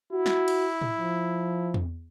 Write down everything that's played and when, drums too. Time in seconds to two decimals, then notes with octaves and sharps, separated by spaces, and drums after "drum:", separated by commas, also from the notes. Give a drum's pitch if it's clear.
0.13 E4 F#4
0.26 drum: snare
0.48 drum: cymbal
0.82 drum: tom A2
0.97 F3
1.74 drum: tom E2